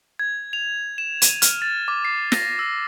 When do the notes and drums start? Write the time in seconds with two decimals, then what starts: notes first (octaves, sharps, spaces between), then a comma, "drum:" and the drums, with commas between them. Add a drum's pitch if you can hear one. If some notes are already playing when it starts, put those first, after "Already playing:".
0.19 G#6
0.53 F7
0.98 E7
1.22 D#7, drum: hi-hat
1.42 F6, drum: hi-hat
1.62 A6
1.88 D6
2.05 C7
2.32 A#6, drum: snare
2.59 E6